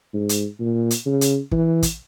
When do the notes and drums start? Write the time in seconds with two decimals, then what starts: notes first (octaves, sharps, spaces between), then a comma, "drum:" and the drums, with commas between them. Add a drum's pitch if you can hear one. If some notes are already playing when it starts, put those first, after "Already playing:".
0.14 G#2
0.29 drum: hi-hat
0.60 A#2
0.91 drum: hi-hat
1.06 C#3
1.21 drum: hi-hat
1.51 E3, drum: kick
1.83 drum: kick, hi-hat